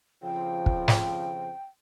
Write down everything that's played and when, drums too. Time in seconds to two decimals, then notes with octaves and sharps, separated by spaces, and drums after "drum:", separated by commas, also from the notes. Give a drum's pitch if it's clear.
0.23 F2 C#3 F3 G5
0.66 drum: kick
0.88 drum: snare